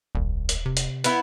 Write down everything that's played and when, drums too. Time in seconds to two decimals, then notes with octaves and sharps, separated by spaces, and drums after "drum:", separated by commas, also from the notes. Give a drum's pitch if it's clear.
0.15 D#1 C2
0.49 drum: hi-hat
0.66 C3
0.77 drum: hi-hat
1.04 B3 E4, drum: hi-hat